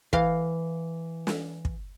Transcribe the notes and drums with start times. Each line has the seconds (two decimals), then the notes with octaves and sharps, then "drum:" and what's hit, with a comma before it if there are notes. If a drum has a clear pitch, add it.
0.13 E3 F5, drum: kick
1.27 drum: snare
1.65 drum: kick